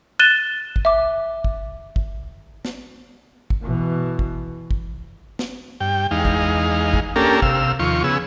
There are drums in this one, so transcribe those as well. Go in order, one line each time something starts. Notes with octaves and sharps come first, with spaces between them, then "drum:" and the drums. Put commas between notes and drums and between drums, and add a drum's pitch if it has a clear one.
F#6 A6 D#7 E7 G7
drum: kick
E5 D6
drum: kick
drum: kick
drum: snare
drum: kick
B2 E3
drum: kick
drum: kick
drum: snare
G2 G5
E2 G#3 D#4 F5
drum: kick
drum: kick
A#3 C#4 D4 G4 A4 A#4
C3 F5 E6, drum: kick
D#2 F3 F4 C#6
C#3 B3 G#4 E6